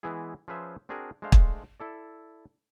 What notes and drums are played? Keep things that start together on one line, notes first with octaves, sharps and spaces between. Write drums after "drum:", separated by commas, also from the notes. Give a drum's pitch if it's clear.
E3 G#3 B3 E4 G#4
F3 C#4 G#4 B4 C5 E5
C4 D4 F#4 G#4 A#4
G#3 A3 D4 C5 F5
drum: kick
E4 A4 D5